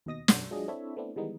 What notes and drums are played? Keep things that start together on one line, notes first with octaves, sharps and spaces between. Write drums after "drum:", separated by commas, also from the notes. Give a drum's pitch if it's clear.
D#2 B2 D#5 D#6 A#6
B1 F#2 F#3 F#4 C6 E6, drum: snare
F#3 G#3 D4 F4 G#4 D#5
C4 D4 E4 A4 C#5 E5
A3 B3 C4 D4 E4
D#3 E3 G3 G#3 B3 D#4